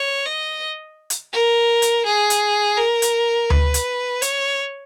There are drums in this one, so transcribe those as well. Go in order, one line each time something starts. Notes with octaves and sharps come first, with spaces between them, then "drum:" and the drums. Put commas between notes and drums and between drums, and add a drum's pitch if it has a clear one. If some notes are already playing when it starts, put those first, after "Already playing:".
Already playing: C#5
D#5
drum: hi-hat
A#4
drum: hi-hat
G#4
drum: hi-hat
A#4
drum: hi-hat
B4, drum: tom D2
drum: hi-hat
C#5, drum: hi-hat